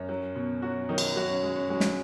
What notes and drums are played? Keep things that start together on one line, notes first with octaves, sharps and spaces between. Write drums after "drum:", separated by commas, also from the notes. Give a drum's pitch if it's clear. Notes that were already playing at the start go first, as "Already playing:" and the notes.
Already playing: F#2 C#4
F#3
B2
F#3 F#4
D#3 F#3 D#4
drum: cymbal
F#2 F#3 F#4
C#4
G#3
C#4
F#3 G#3 F#4
drum: snare